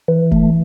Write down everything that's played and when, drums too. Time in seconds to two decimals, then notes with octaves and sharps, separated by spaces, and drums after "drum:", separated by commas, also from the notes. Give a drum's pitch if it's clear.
0.08 E3
0.31 A3, drum: kick F1